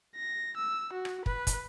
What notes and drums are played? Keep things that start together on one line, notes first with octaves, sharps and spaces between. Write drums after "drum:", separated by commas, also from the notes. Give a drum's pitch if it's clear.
A#6
E6
F#4
drum: rim click
B4, drum: kick
drum: kick, hi-hat